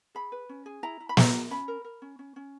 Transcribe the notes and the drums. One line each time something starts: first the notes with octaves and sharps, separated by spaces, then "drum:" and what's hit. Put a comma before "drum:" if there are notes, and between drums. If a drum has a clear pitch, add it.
G#4 B5
B4
C#4
G#4
E4 A#5
E4
B5
G#4 A#5, drum: snare
G#4
C#4 B5
A#4
A#4
C#4
C#4
C#4